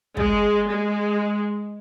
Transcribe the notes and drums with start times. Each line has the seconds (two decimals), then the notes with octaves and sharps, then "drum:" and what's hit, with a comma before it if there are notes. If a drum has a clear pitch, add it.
0.17 G#3, drum: kick
0.69 G#3